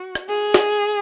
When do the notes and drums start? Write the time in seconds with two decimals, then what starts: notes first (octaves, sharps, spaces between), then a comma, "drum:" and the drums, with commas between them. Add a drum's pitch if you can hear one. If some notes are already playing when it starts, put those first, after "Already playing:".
Already playing: F#4
0.15 drum: rim click
0.29 G#4
0.54 drum: snare